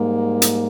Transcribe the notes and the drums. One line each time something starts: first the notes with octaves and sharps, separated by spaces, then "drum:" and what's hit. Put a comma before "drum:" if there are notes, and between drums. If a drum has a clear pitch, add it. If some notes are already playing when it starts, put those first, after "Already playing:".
Already playing: G#2 G3 A#3
drum: hi-hat